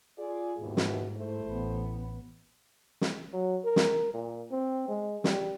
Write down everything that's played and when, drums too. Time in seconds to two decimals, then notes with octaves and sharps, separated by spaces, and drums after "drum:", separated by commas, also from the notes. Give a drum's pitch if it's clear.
0.17 F4 G#4 D5
0.60 D#2 G#2 B2 E4
0.77 drum: snare
1.16 A3 E4 C5
1.45 A1 B3
3.01 drum: snare
3.33 F#3
3.65 A#4
3.76 drum: snare
4.14 A#2
4.51 C4
4.88 G#3
5.24 G3, drum: snare